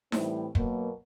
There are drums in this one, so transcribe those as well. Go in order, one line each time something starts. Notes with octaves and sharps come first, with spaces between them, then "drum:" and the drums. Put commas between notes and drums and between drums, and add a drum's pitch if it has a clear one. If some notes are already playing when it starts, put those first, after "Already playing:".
A2 E3 G3 C4, drum: snare D#4
B2 F#3 A#3, drum: kick